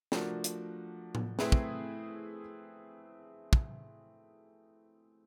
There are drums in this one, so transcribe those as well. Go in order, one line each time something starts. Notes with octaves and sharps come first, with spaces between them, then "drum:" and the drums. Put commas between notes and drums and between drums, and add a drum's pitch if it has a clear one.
F3 A3 D4 F#4 A#4, drum: snare
drum: hi-hat
drum: tom A2
A3 C4 E4 G#4 B4, drum: snare
drum: kick
drum: kick